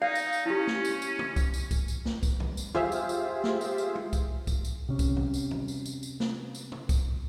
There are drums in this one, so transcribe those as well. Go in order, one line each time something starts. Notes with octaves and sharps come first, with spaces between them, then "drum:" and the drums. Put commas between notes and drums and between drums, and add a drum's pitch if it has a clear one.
D#4 D5 F5
drum: tambourine
drum: tambourine
C#4 E4 G4
drum: snare
drum: tambourine
drum: tambourine
drum: tom
drum: kick C2, tambourine
drum: tambourine
drum: kick C2, tambourine
drum: tambourine
drum: snare
drum: kick C2, tambourine
drum: tom
drum: tambourine
F4 G4 G#4 C5 E5 F5, drum: tom
drum: tambourine
drum: tambourine
drum: snare
drum: tambourine
drum: tambourine
drum: tom G#3
drum: kick C2, tambourine
drum: kick C2, tambourine
drum: tambourine
C3 C#4
drum: kick C2, tambourine
drum: tom
drum: tambourine
drum: tom
drum: tambourine
drum: tambourine
drum: tambourine
drum: snare
drum: tambourine
drum: tom
drum: kick C2, tambourine